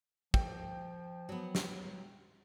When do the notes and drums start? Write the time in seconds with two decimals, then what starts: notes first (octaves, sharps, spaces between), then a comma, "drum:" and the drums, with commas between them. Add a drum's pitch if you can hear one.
0.34 F3 G5, drum: kick
1.29 F#3 B3
1.55 drum: snare